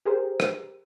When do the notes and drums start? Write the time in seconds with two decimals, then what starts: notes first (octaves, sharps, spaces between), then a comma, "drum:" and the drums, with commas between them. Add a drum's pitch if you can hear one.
0.05 G4 G#4 A#4 C5
0.40 drum: rim click